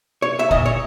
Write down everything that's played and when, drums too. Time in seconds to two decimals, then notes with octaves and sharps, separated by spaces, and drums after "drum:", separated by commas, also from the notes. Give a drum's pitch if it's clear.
0.22 C#5
0.39 E5
0.51 A#2 D#5, drum: kick F#1
0.66 C#5